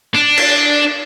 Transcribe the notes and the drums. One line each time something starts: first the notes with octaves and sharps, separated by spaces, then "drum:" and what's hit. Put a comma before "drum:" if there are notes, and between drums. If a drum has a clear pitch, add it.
D4
drum: cymbal